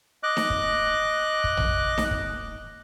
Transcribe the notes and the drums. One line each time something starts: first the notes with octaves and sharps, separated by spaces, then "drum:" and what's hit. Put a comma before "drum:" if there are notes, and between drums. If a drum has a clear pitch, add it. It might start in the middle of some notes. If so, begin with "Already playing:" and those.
D#5 D6 F#6
drum: snare D#4
drum: kick
drum: kick
drum: tom A#1
drum: snare D#4
drum: kick